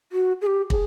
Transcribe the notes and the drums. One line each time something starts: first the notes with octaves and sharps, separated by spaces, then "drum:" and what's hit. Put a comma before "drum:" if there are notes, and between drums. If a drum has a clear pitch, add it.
F#4
G#4
G4
G#4, drum: kick